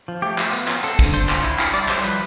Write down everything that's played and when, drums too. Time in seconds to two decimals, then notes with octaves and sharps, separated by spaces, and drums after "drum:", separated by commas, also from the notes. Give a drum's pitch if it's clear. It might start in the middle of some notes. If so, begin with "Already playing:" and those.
0.08 F3
0.22 A3 G4
0.38 F4, drum: clap
0.53 B3, drum: tambourine
0.68 F4, drum: clap
0.83 C4 A4, drum: tambourine
0.99 D3, drum: kick, tambourine
1.14 D4 C5, drum: tambourine
1.29 F4, drum: clap
1.43 E4
1.59 E4, drum: clap
1.73 G3 D5, drum: tambourine
1.88 G3 C5, drum: clap
2.04 F3 B4, drum: tambourine